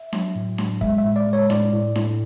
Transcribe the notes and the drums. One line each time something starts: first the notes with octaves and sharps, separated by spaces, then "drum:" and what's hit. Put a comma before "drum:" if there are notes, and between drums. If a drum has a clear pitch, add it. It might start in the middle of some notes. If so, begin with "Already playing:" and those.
Already playing: E5
F#3, drum: snare D4
A2
F#3, drum: snare D4
G#3 E5, drum: kick
E5
A2
D5
G#3
C#5
A2 D5, drum: snare D4
A2
A2, drum: snare D4